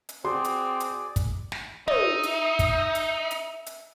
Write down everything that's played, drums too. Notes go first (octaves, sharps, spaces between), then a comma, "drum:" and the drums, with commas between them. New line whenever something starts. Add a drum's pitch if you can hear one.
drum: hi-hat
C4 F#4 G#4 D5 C6
drum: hi-hat
drum: hi-hat
drum: kick, hi-hat
drum: snare
D#4 E5, drum: tom
drum: hi-hat
drum: kick, hi-hat
drum: hi-hat
drum: hi-hat
drum: hi-hat